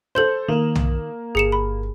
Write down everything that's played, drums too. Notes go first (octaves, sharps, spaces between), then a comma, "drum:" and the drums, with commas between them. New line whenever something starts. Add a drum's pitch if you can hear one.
A4 C5 C6 G6 F#7
D#3 A#3
drum: tom B1
G1 G#4 C#7 E7
B5